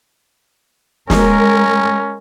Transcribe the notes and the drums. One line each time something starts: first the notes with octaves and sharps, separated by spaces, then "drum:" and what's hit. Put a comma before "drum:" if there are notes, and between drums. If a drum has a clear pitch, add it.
G#3 C#4 A#4, drum: snare